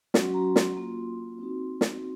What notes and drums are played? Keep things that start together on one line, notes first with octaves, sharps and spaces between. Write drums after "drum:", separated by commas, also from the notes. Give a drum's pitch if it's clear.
F#3 C#4 F#4, drum: snare
C6
A#5
C6
drum: snare
A#3 F4
C4 D#4 F#4
drum: snare